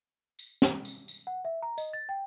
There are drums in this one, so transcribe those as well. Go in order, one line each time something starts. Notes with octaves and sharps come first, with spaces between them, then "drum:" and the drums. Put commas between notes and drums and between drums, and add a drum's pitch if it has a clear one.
drum: tambourine
drum: snare
drum: tambourine
drum: tambourine
F#5
E5
A#5
D#5, drum: tambourine
A6
G5